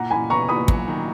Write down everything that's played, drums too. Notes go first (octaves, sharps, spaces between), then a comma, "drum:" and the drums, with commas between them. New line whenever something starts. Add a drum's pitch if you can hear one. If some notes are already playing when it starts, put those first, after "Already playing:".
Already playing: A#2 F#5 A#5
A#2 G#5 B5
B3 A#5 C#6
A#2 B5 D#6
F#3, drum: kick
D#3